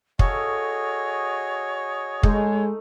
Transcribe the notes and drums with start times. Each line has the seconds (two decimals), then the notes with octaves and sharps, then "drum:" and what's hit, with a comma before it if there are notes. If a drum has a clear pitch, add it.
0.19 F#4 G#4 A4 C#5 D#5 F5, drum: kick
2.23 G#3 A3 D#4, drum: kick